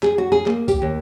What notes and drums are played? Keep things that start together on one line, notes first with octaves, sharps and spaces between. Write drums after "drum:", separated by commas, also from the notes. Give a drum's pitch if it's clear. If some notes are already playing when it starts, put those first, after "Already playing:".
G#4, drum: clap
F#4
G#4
A#3, drum: clap
G4, drum: kick C2, tambourine
D#2